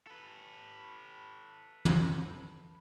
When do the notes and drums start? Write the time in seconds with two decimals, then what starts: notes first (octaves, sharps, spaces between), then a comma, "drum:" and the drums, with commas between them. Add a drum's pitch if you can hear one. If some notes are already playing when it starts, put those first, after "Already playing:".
0.07 A4 B4
1.85 drum: tom